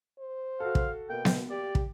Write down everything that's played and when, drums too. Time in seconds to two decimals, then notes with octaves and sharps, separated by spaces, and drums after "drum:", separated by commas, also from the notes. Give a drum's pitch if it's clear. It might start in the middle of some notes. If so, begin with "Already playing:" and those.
0.19 C5
0.60 F#4 A4 F5
0.75 drum: kick
1.10 B2 A#3 G5
1.25 drum: snare B3
1.50 G4 D5
1.75 drum: kick